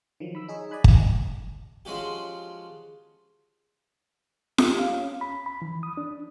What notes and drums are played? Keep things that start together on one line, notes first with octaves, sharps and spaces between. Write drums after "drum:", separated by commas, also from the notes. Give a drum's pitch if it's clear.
D#3 F3 F#3
B5 E6
D#4 G#4 C#5
D5 D#5 G#5 B5 F#6
drum: kick
F3 G#3 C#4 F#4 G4
G4, drum: snare F4
F5
C#4
B5
B5
E3
D#6
D4